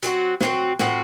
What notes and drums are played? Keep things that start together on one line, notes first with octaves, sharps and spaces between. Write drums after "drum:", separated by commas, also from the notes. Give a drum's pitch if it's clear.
F#3 C4 F#4, drum: hi-hat
F#3 C4 F#4, drum: snare
A2 F3 C4 F#4, drum: snare